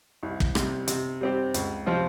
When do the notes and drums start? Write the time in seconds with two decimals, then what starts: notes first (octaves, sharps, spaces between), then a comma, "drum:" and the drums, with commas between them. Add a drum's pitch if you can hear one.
0.23 C2
0.40 drum: kick
0.55 C3 G3, drum: rim click
0.88 C3, drum: hi-hat
1.21 G3 C4 G4
1.54 C#2, drum: hi-hat
1.86 C3 F3 C4 F4